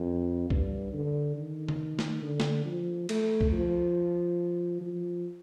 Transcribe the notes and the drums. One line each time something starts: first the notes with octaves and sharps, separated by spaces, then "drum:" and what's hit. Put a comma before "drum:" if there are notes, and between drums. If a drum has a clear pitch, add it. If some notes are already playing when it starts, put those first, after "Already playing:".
Already playing: F2
G2, drum: kick
D3
D#3
drum: tom C#3
drum: snare
D3
drum: snare
F3
A3, drum: cymbal
drum: kick
F3
F3